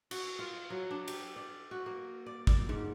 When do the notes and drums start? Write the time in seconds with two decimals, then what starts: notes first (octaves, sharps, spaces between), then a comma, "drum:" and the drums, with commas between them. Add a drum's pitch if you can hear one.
0.11 F#4, drum: cymbal
0.39 F4
0.70 F#3
0.91 D4
1.08 G4, drum: cymbal
1.36 D5
1.71 F#4
1.86 A#3
2.26 D5
2.47 D5, drum: kick
2.69 G#2